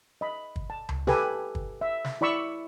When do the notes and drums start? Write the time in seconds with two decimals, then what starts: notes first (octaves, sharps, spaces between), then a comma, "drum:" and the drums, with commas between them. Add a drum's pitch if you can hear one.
0.21 D#5 B5
0.56 drum: kick
0.70 A5
0.89 drum: tom C#2
1.07 G4 A4 B4 G#5, drum: snare
1.55 drum: kick
1.81 E5
2.04 drum: snare
2.21 E4 D5 B5 C#6 E6